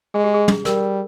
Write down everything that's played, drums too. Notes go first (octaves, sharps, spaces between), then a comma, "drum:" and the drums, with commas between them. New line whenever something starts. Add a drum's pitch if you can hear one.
G#3 G#4
G4
G#4
drum: tom
G3 A#4, drum: snare